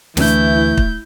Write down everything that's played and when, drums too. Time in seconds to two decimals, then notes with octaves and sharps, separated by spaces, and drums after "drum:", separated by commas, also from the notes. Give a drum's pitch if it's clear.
0.17 D2 E3 A3 C#4 D4 E4 G6, drum: snare
0.77 drum: kick